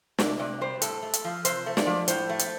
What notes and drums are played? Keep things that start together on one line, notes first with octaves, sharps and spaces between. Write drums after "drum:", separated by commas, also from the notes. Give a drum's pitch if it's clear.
C3 D5, drum: snare
C3 D5
G3 C5
A2 A4, drum: hi-hat
A3
drum: hi-hat
F3
C3 C5, drum: hi-hat
A3
D5, drum: snare
F3
A2 C5, drum: hi-hat
A3
drum: hi-hat